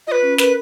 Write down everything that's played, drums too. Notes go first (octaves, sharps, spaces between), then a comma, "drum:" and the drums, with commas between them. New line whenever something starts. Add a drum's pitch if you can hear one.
F4 B4 D#5
C#4
A#4 B4, drum: snare